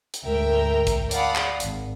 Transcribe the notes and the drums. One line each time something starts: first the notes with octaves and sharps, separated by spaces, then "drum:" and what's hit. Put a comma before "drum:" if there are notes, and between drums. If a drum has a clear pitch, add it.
drum: hi-hat
D2 G#2 A#4 E5 G5 A#5
drum: kick, hi-hat
D5 F5 F#5 A5 B5 D#6, drum: hi-hat
drum: clap
G#1, drum: hi-hat